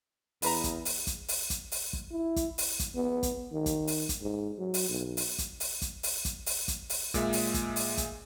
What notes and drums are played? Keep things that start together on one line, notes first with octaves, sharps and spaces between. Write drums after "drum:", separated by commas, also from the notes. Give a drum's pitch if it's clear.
E2 B3 B4 A#5, drum: open hi-hat
drum: kick, hi-hat
drum: open hi-hat
drum: kick, hi-hat
drum: open hi-hat
drum: kick, hi-hat
drum: open hi-hat
drum: kick
E4
drum: kick, hi-hat
drum: open hi-hat
drum: kick, hi-hat
B3
drum: kick, hi-hat
D#3
drum: kick, hi-hat
drum: open hi-hat
drum: kick, hi-hat
G#2
F#3
drum: open hi-hat
B1
drum: open hi-hat
drum: kick, hi-hat
drum: open hi-hat
drum: kick, hi-hat
drum: open hi-hat
drum: kick, hi-hat
drum: open hi-hat
drum: kick, hi-hat
drum: open hi-hat
A#2 G#3 E5, drum: kick, hi-hat
drum: open hi-hat
drum: kick, hi-hat
drum: open hi-hat
drum: kick, hi-hat